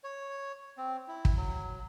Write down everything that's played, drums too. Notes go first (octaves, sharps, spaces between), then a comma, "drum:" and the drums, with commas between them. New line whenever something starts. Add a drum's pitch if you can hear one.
C#5
C4
E4
drum: kick
F#3